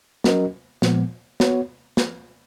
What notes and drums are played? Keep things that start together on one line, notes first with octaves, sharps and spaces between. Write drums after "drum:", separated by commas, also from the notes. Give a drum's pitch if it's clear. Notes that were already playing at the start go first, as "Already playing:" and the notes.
F#3 C#4 F#4 A#4 D#5, drum: snare
A#2 F3 G#3 B3, drum: snare
B3 F#4 C#5, drum: snare
drum: snare